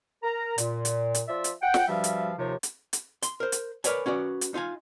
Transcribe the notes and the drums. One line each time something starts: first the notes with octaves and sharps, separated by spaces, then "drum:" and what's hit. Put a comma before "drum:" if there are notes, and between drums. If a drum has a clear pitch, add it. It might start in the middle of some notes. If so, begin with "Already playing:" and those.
A#4 A#5
A#2, drum: hi-hat
drum: hi-hat
drum: hi-hat
F3 F4 D5 E5
drum: hi-hat
F#5 G5
drum: snare
G2 F3 G3 F#4 E5 F5
drum: hi-hat
D#2 C3 F3 D#4 F4 C#5
drum: hi-hat
drum: hi-hat
C6, drum: hi-hat
A#4 C5
drum: hi-hat
A#4 B4 C#5 D5 F#5 G#5, drum: hi-hat
C#4 F#4 B4 D5
drum: hi-hat
D#4 F4 F5 G#5